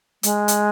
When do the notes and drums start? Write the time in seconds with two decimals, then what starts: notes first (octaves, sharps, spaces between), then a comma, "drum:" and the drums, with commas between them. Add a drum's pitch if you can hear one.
0.23 G#3, drum: hi-hat
0.48 drum: hi-hat